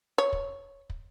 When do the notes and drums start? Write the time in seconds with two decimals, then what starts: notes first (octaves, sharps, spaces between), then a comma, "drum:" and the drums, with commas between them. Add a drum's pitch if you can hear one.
0.18 C#5
0.33 drum: kick
0.90 drum: kick